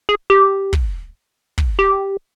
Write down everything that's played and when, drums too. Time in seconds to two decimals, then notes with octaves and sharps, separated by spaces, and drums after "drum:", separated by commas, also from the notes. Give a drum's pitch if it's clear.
0.09 G#4
0.30 G4
0.73 drum: kick
1.58 drum: kick
1.79 G4